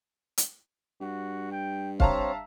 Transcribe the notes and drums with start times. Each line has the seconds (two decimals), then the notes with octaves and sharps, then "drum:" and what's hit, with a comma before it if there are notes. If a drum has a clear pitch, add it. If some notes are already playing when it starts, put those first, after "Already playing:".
0.38 drum: hi-hat
1.01 G2 F#4
1.51 G5
2.00 C4 C#5 E5 F5 A5 A#5, drum: kick